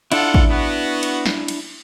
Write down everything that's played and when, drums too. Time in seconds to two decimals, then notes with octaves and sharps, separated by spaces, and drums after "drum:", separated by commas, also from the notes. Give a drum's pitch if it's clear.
0.12 D4 E4 F4 A4 F#5, drum: cymbal
0.34 drum: kick A1
0.50 B3 F#4
1.03 drum: cymbal
1.26 drum: snare
1.48 drum: cymbal